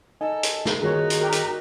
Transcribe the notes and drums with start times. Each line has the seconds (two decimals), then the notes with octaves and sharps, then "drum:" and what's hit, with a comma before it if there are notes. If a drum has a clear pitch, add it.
0.21 D#4 A4 D#5 G#5
0.43 drum: hi-hat
0.65 drum: snare
0.81 G2 D#3 A#3 D#4 F4 F#4 G#4 C#5
1.10 drum: hi-hat
1.21 G4 A#4
1.32 drum: hi-hat